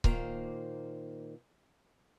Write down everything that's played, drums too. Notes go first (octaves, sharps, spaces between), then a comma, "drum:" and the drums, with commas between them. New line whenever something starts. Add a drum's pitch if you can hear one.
A#2 D#3 A#3 C5 A#5, drum: kick C#1